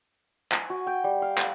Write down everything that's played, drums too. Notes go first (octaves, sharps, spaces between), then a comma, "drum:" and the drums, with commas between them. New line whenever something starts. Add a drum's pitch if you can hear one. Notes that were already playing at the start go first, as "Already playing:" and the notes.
G#5, drum: clap
F#4
G5
G3
F5
F#5, drum: clap